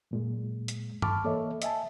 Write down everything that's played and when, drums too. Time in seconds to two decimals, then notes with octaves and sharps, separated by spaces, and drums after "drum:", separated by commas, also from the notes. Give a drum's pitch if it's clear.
0.11 F#2 A#2 G#3
0.68 drum: hi-hat
1.02 A5 B5 C#6 D6 F6, drum: tom G2
1.24 E3 A#3 A4 C#5 D#5 E5
1.62 D#5 E5 G#5 A5, drum: hi-hat